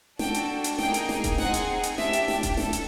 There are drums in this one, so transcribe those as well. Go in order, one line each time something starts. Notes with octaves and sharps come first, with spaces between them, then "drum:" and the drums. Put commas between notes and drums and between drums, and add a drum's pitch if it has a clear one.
D4 F#4 A4 G5, drum: snare
drum: hi-hat
drum: hi-hat
A#3 D#4 G#4 G5, drum: snare
drum: hi-hat
drum: snare
drum: kick D#1, hi-hat
C4 D#4 G#4 F#5, drum: snare
drum: hi-hat
drum: hi-hat
D4 G4 E5, drum: snare
drum: hi-hat
drum: snare
drum: kick D#1, hi-hat
A4, drum: snare
drum: hi-hat